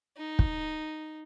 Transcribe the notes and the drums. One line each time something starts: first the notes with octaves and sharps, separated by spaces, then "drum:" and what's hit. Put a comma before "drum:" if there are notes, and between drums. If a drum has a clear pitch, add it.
D#4
drum: kick